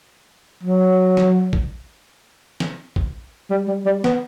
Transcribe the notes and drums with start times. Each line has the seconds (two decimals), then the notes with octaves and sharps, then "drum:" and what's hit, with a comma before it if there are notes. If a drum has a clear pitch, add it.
0.63 F#3
1.17 drum: snare
1.53 drum: kick A1
2.60 drum: snare
2.96 drum: kick A1
3.50 G3
3.68 G3
3.86 G3
4.04 B3, drum: snare